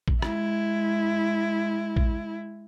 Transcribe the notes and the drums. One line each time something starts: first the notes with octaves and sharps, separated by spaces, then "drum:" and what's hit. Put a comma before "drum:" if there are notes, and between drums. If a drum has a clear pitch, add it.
drum: kick
G#3 E4, drum: rim click
drum: kick